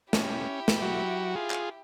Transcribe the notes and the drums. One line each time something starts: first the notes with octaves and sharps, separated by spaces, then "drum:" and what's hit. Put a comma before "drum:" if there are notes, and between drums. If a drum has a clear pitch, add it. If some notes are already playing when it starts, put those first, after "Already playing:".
C#4 E4 G4, drum: snare
drum: snare
F#3 F#4
F4 G#4
drum: clap